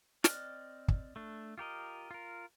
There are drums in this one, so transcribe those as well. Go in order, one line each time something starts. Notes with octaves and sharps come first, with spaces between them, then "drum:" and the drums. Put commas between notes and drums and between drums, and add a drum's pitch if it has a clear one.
C4 D5 D#5 F6 F#6, drum: snare
drum: kick
A3 D4
F4 G4 A#4 D#5
F4 A#4